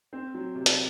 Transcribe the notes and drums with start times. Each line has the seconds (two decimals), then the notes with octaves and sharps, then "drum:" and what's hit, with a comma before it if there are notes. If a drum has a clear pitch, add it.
0.13 C4
0.34 F#3
0.55 C3
0.66 drum: hi-hat